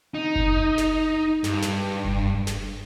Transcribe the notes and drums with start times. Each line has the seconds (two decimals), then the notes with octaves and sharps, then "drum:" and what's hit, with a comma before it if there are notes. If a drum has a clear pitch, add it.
0.14 D#4
0.36 drum: kick F#1
0.78 drum: snare
1.44 G2, drum: snare
1.62 drum: snare
2.05 drum: kick F#1
2.47 drum: snare